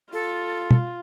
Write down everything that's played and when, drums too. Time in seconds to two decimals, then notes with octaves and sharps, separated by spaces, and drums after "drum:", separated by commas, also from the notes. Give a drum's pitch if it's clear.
0.13 F4 A4
0.71 drum: tom